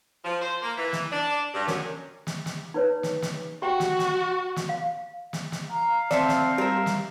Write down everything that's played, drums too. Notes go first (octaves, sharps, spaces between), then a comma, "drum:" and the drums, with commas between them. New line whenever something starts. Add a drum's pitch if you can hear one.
F3
C5
A#3
E3
drum: snare
D4
G2
F#2, drum: snare
drum: snare
drum: snare
D#4 B4 C#5
drum: snare
drum: snare
F#4 G4 G5
drum: snare
drum: snare
drum: snare
F5
drum: snare
drum: snare
F5 A#5
C4 A4 D5 E5 C6, drum: snare
drum: snare
G3 A#4 E5
drum: snare